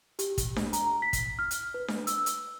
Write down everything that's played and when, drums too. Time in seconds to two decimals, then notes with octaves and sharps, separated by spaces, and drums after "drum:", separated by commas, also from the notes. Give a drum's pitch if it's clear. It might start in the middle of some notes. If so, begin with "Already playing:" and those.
0.19 G4, drum: hi-hat
0.38 drum: kick, hi-hat
0.56 drum: snare D4
0.73 A#5, drum: hi-hat
1.02 B6
1.13 drum: kick, hi-hat
1.39 F6
1.51 drum: hi-hat
1.74 B4
1.88 drum: snare D4
2.07 E6, drum: hi-hat
2.26 drum: hi-hat